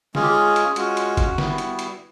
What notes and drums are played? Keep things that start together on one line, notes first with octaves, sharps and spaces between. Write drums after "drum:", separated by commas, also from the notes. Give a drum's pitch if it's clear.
G#3 C#4 F4 G#4, drum: snare
G4
G#4
drum: hi-hat
G#3 C#4 F4 F#4, drum: hi-hat
drum: hi-hat
drum: kick G1, hi-hat
G3 B3 E4, drum: snare
drum: hi-hat
drum: hi-hat